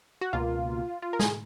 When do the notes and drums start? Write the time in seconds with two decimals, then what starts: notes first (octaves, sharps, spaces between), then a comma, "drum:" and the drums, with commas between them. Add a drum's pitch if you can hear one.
0.21 F#4
0.33 C#2 B2 A#3 F4
1.02 F4
1.13 A#4
1.19 G#4, drum: snare